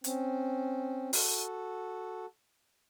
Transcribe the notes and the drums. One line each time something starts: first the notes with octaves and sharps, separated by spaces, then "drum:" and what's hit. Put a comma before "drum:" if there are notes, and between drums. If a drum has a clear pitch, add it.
C4 C#4, drum: hi-hat
F#4 A4, drum: open hi-hat